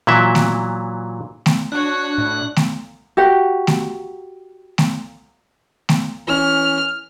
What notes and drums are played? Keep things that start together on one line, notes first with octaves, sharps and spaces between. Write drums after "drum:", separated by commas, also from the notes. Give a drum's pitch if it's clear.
A#2 E3 F#3 E5
drum: snare A3
drum: snare A3
D4 F#4 C#5 F#6
A2
drum: snare A3
F#4 G4 F#5
drum: snare A3
drum: snare A3
drum: snare A3
E3 C#4 F6